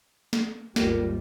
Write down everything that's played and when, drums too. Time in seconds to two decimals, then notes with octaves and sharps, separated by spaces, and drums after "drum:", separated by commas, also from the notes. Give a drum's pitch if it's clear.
0.33 drum: snare
0.76 G#1 D#2 G3 F4 A#4, drum: snare